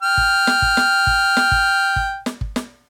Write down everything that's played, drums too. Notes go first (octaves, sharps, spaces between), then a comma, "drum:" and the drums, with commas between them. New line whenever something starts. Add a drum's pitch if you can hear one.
G5 F6
drum: kick
drum: snare
drum: kick
drum: snare
drum: kick
drum: snare
drum: kick
drum: kick
drum: snare
drum: kick
drum: snare